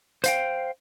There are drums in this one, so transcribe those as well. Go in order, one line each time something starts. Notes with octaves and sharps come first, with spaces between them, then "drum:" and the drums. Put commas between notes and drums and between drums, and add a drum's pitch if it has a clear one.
C5 F5 G5, drum: hi-hat